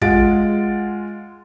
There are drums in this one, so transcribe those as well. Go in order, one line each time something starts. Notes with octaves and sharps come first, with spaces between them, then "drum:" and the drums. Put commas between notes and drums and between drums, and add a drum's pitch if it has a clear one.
G#3 F4 F#5 A6 D7, drum: kick